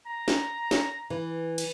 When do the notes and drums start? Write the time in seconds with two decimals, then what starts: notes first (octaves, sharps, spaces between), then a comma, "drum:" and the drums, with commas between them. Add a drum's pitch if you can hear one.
0.06 A#5
0.28 drum: snare
0.71 drum: snare
1.10 E3
1.58 drum: cymbal